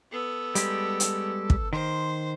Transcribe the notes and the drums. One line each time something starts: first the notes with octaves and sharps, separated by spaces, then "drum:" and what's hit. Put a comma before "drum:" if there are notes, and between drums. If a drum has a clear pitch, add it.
B3 A4
G3 G#3 G4, drum: hi-hat
drum: hi-hat
drum: kick
D#3 C5 C6